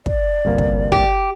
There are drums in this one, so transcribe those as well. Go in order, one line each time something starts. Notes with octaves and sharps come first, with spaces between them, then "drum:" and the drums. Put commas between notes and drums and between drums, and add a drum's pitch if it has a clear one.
D5, drum: kick
G1 C2 A#3
drum: kick
G4, drum: kick